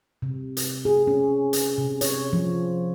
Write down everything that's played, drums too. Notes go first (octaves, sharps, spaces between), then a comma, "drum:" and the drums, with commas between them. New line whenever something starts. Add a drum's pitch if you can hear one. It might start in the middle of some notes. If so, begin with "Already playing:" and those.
C3
drum: hi-hat
G#4
C#4
drum: hi-hat
C3
C#5, drum: hi-hat
F3